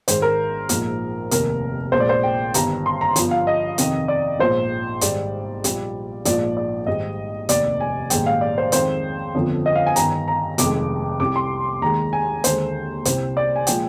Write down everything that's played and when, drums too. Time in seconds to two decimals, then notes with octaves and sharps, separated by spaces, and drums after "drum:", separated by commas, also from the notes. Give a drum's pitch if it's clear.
0.08 G#1 G#2 D#3 G#3 C5, drum: hi-hat
0.22 A#4
0.69 A#1 G#2 F3, drum: hi-hat
1.31 F1 D#2 D#3 A#4, drum: hi-hat
1.92 A#1 A#2 G#3 C5
2.00 D5
2.09 C5
2.23 G5
2.54 G1 G2 D#3 G3 A#5, drum: hi-hat
2.86 C6
3.01 A#5
3.16 G1 G2 F3, drum: hi-hat
3.31 F5
3.47 D#5
3.78 F2 C3 D#3, drum: hi-hat
4.08 D5
4.39 A#1 G#2 F3 C5
5.01 G#1 G#2 G3 D5, drum: hi-hat
5.64 A#1 A#2 G3, drum: hi-hat
6.25 A#1 G#2 F3 D5, drum: hi-hat
6.57 D5
6.87 G#1 G#2 G3 D#5
7.49 F1 D#2 D#3 D5, drum: hi-hat
7.80 G#5
8.10 A#1 G#2 D#3 G3 G5, drum: hi-hat
8.26 F5
8.41 D5
8.58 C5
8.72 F2 D#3 G#3 C5, drum: hi-hat
9.35 G1 F2 D3 F3
9.66 D#5
9.75 F5
9.86 G#5
9.96 G1 G2 D#3 A#5, drum: hi-hat
10.28 A#5
10.58 F1 F2 D#3 G#3 D6, drum: hi-hat
11.20 C2 C3 G3 D6
11.36 C6
11.82 D#2 D#3 G#3 A#5
12.13 G#5
12.44 D#2 D3 G#3 C5, drum: hi-hat
13.05 C2 C3 G3 C5, drum: hi-hat
13.37 D5
13.56 G#5
13.67 A#2 F3 G#3 G5, drum: hi-hat